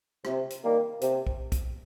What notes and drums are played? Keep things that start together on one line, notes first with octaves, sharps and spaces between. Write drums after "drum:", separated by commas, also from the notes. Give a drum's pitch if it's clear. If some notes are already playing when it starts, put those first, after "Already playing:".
C3, drum: rim click
drum: hi-hat
D#3 G3 A#3
C3, drum: hi-hat
drum: kick B1
drum: kick B1, hi-hat